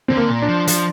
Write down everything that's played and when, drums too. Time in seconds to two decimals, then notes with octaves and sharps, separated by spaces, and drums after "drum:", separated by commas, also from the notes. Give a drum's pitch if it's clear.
0.08 D3 C4
0.17 A#3
0.29 A#2
0.42 D4
0.48 F3
0.68 F3, drum: hi-hat